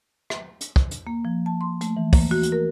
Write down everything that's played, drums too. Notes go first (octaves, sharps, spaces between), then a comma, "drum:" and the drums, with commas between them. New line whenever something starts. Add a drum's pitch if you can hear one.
drum: rim click
drum: hi-hat
drum: kick
drum: hi-hat
A#3
F3
A5
C6
A3, drum: hi-hat
E3
A#3, drum: kick, open hi-hat
F#4
drum: hi-hat
A#4